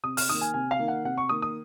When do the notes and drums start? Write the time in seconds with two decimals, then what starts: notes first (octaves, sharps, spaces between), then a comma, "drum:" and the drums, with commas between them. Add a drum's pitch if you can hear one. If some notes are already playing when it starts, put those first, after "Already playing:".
0.03 C3 D#6
0.17 F6, drum: open hi-hat
0.29 D#3 A#3 D#6
0.41 G#5
0.54 C3 G#5
0.71 F5
0.79 D#3 A#3
0.88 F#5
1.04 C3 F#5
1.18 C#6
1.29 D#3 A#3 D#6
1.42 D#6